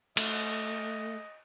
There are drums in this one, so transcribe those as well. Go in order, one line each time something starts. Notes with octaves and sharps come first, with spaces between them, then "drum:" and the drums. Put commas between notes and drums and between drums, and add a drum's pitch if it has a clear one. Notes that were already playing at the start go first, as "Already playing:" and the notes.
A3 D#5, drum: cymbal